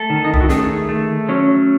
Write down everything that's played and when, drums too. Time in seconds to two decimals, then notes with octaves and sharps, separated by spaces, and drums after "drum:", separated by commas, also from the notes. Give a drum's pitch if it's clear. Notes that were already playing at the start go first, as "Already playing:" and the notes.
Already playing: A3 A4
0.10 D#3
0.25 D#4
0.34 E4, drum: kick C2
0.41 F#4
0.49 A3 G#4, drum: snare
0.89 A3
1.29 F#3 C#4